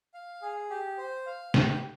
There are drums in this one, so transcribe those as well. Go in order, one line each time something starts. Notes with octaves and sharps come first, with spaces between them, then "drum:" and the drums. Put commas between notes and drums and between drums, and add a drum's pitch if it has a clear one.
F5
G#4
G4
C5
F5
G4, drum: snare